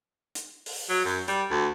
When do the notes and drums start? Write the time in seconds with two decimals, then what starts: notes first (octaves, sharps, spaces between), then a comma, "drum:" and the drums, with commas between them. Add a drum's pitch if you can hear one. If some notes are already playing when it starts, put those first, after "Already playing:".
0.35 drum: hi-hat
0.66 drum: open hi-hat
0.89 F#3
1.05 F#2
1.28 G3, drum: hi-hat
1.51 D2